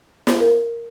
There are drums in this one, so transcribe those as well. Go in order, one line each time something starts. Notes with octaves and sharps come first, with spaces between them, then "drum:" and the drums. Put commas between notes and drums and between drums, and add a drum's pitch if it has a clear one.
drum: snare
A#4